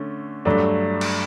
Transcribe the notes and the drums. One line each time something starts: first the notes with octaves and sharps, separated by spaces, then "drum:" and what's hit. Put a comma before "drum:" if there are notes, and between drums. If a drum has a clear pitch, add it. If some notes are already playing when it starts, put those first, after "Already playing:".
Already playing: D3 A3 C#4
G2 F#3 A3 D4
drum: cymbal